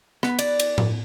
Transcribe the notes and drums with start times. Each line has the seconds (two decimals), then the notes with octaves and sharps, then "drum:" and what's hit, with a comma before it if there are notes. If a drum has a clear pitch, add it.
0.23 B3, drum: rim click
0.39 D5, drum: cymbal
0.60 drum: cymbal
0.78 drum: tom A2